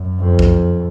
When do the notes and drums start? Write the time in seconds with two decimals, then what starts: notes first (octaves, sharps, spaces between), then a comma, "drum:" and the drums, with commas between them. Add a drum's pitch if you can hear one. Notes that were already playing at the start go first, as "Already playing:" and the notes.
Already playing: F#2
0.21 F2
0.39 drum: kick B1